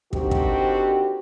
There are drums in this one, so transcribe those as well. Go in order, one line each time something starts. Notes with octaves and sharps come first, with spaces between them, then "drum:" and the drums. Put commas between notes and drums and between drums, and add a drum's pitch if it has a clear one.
D3 D#3 C4 F#4 G4, drum: kick
drum: kick